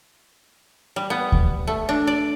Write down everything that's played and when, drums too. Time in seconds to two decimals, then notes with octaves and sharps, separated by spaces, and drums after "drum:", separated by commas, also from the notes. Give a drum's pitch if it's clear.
0.96 G3
1.10 B3
1.32 drum: kick D2
1.67 A3
1.89 D4
2.07 D5